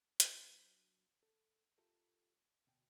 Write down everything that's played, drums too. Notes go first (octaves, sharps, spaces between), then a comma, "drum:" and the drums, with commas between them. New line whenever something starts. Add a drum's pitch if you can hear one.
F#3 D4, drum: hi-hat
A4
F4 G4 A4 A#4 E5
D2 B2 G5